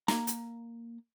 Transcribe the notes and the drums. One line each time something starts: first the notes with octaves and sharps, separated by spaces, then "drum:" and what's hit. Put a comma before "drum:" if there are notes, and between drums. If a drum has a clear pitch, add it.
A#3 A#5, drum: snare
drum: hi-hat